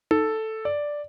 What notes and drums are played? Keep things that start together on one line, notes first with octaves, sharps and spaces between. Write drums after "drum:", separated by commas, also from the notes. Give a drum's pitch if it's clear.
A4, drum: tom D#4
D5